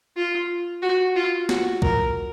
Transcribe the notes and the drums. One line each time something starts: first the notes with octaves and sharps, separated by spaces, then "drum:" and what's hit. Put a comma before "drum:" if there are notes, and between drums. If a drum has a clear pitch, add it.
F4
F#4
F4
F#4, drum: snare
A#4, drum: kick